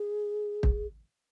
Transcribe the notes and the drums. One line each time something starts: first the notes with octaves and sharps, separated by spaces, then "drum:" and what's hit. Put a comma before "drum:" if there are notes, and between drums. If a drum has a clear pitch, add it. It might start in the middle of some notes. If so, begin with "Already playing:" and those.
Already playing: G#4
drum: kick